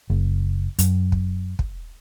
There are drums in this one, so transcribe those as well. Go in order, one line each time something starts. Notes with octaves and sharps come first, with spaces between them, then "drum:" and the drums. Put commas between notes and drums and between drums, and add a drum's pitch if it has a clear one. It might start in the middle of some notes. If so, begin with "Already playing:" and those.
F#1
F#2, drum: hi-hat
drum: kick
drum: kick